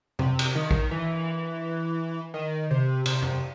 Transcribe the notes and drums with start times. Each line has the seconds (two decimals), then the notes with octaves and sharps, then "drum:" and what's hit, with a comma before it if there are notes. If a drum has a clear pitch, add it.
0.19 C3, drum: tom F2
0.39 drum: cymbal
0.55 D#3
0.71 drum: kick
0.91 E3
2.34 D#3
2.70 C3
3.06 C3, drum: cymbal
3.22 drum: tom F2